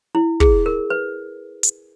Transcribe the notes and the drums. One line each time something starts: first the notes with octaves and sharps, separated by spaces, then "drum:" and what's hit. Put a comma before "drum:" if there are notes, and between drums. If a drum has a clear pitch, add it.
E4
G#4, drum: kick
A#4
B4
drum: hi-hat